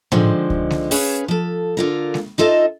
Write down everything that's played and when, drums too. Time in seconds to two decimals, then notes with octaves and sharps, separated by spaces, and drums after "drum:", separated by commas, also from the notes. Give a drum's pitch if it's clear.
0.12 D3 D#3 F3 G#3, drum: tom A2
0.50 drum: kick C#2
0.70 drum: snare G#3
0.91 C#4 G#4 B4 C#5 F5, drum: open hi-hat
1.28 F3 A4
1.77 D3 F4 A#4
2.14 drum: snare G#3
2.38 D#4 F4 A4 D#5 E5